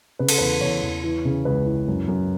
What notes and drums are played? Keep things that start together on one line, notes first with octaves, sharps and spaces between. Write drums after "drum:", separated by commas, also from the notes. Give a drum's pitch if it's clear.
C#3 B4
A4, drum: cymbal
E2 B4
E2 C#5
E2
E3
C#3
C#2 B4
E3
F#2
F#2